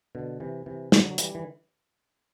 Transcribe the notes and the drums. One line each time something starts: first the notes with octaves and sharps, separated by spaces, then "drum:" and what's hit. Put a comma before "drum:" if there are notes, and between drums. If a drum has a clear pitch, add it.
B2 D3
C3 E3
C3 E3
D3 F#3, drum: snare
F#3
E3 G3, drum: hi-hat
E3